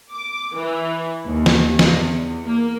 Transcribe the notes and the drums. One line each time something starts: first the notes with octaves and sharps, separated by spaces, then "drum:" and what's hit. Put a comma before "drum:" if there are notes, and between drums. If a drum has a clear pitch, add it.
D6
E3
D#2
drum: snare
drum: snare
E2
A#3